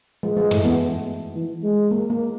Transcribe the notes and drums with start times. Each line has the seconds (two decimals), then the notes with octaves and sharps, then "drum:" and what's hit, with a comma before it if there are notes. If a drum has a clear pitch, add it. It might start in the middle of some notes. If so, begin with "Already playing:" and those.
0.23 F3 G#3
0.37 G#3
0.51 E3 A3, drum: tom
0.65 B3
0.98 drum: hi-hat
1.35 E3
1.63 G#3
1.91 A#3
2.10 A#3